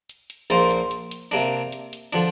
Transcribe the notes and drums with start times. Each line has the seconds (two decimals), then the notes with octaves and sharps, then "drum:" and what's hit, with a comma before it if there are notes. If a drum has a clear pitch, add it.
0.09 drum: hi-hat
0.30 drum: hi-hat
0.50 A#1 A#2 A#3 F4 C5, drum: hi-hat
0.71 drum: hi-hat
0.91 drum: hi-hat
1.11 drum: hi-hat
1.31 C3 A#3 D4, drum: hi-hat
1.72 drum: hi-hat
1.93 drum: hi-hat
2.13 D3 F3 D4, drum: hi-hat